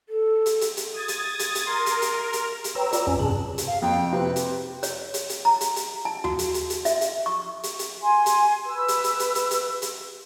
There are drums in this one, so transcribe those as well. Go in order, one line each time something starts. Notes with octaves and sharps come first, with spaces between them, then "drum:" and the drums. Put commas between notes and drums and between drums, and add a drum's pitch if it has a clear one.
A4
drum: hi-hat
drum: hi-hat
drum: hi-hat
D#6 G#6 A6
drum: hi-hat
drum: hi-hat
drum: hi-hat
A#4 C6
drum: hi-hat
drum: hi-hat
drum: hi-hat
drum: hi-hat
B4 C#5 G5 A#5 E6
F4 B4 D5 A#5 E6, drum: hi-hat
F2 C#4 G#5
G2 C3 G#4 A5 F#6
drum: hi-hat
F5
F2 G5
C3 B4
drum: hi-hat
C#5, drum: hi-hat
drum: hi-hat
drum: hi-hat
A#5
drum: hi-hat
drum: hi-hat
A5
F#4, drum: tom D#2
drum: hi-hat
drum: hi-hat
drum: hi-hat
E5, drum: hi-hat
drum: hi-hat
C#6
drum: hi-hat
drum: hi-hat
G#5 C6
drum: hi-hat
B4 E6
drum: hi-hat
drum: hi-hat
drum: hi-hat
drum: hi-hat
drum: hi-hat
drum: hi-hat